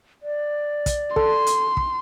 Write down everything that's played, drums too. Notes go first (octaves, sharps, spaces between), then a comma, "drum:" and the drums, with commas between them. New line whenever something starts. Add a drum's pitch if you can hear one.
D5
drum: kick, hi-hat
A4 C6, drum: kick
drum: hi-hat
drum: kick